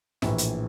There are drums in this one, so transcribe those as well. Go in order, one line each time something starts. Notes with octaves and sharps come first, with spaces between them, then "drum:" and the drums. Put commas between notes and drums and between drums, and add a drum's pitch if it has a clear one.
A#1 A2 E3, drum: snare
drum: hi-hat